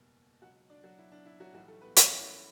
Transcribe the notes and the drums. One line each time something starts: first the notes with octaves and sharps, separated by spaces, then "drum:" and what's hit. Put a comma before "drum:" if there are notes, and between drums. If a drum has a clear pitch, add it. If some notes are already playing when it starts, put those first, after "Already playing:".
Already playing: F#1 E2 B2 G3
C#2 B2 F#3 F#4 F#5
D4 D5
F#3 F#4
E4
D4
E4
F#3 F#4
B1 A2 E3 F#3 G3 F#4
A3 A4
B3 B4
C#4 C#5, drum: hi-hat
E4 E5